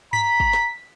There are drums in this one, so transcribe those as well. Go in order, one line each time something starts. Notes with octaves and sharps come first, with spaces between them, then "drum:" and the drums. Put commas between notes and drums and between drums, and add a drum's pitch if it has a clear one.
A#5 B6, drum: tom G2
drum: kick
drum: snare